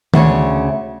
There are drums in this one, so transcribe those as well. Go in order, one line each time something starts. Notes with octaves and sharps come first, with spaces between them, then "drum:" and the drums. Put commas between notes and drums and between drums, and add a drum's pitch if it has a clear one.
D2 C#3 C#4 C#5, drum: tom D#3